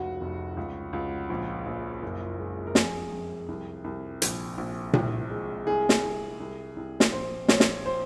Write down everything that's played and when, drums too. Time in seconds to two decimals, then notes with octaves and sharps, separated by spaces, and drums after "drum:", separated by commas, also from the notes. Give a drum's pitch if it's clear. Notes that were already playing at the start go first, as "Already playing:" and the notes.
Already playing: F1 C#2 F#4
0.21 F1
0.57 C#2
0.93 C#2
1.30 A#1
1.66 A#1
2.02 F#1
2.39 G#3
2.67 A#4
2.75 F2 G#4, drum: snare
3.12 F2
3.48 C2
3.84 C2
4.22 A#1, drum: hi-hat
4.58 A#1
4.93 C2, drum: tom A#2
5.30 G#3
5.67 C2 G#4
5.89 drum: snare
6.03 C2
6.40 C2
6.77 C2
7.00 drum: snare
7.12 A#1 C5
7.48 A#1 C#5, drum: snare
7.60 drum: snare
7.86 C5